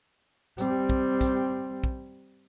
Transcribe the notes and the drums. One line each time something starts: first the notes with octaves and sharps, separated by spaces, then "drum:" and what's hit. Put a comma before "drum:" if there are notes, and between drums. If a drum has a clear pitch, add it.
G3 C4, drum: hi-hat
drum: kick
drum: kick, hi-hat
drum: kick